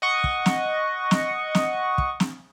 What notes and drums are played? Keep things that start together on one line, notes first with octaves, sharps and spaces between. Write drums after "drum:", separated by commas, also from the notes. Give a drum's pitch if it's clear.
D#5 F#5 C#6
drum: kick
drum: snare
drum: snare
drum: snare
drum: kick
drum: snare